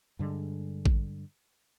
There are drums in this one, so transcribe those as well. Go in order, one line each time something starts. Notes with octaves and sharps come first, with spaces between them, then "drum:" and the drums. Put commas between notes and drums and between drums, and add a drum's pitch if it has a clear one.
G2 D3 G3 G#3
drum: kick A1